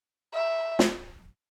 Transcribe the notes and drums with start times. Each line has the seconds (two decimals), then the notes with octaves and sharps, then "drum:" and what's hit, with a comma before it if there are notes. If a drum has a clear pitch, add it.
0.34 E5
0.79 drum: snare